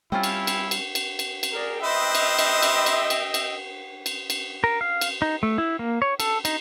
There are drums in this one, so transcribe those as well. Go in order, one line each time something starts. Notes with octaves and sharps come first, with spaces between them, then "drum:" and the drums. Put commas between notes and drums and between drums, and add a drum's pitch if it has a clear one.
G3 C4 C#4 E4 F4 G5
drum: cymbal
drum: cymbal
drum: cymbal
drum: cymbal
drum: cymbal
drum: cymbal
G#4 A#4 D5
B4 C5 D#5 E5 G5
drum: cymbal
drum: cymbal
drum: cymbal
drum: cymbal
drum: cymbal
drum: cymbal
drum: cymbal
drum: cymbal
A#4
F5
drum: cymbal
D#4
A3
E4
A#3
C#5
A4, drum: cymbal
D#4, drum: cymbal